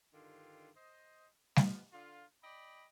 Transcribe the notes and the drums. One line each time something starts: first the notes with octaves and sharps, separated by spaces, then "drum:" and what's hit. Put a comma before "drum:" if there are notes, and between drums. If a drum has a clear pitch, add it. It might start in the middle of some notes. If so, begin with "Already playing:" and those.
G2 D3 D#3 F4
C5 D#5
F3 B3, drum: snare G3
D3 F4
D5 D#5 G5 B5